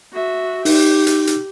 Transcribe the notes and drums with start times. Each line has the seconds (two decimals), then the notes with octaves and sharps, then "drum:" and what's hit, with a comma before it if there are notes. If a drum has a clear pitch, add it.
0.13 F#4 E5
0.65 D#4 G4, drum: open hi-hat
1.07 drum: hi-hat
1.27 drum: hi-hat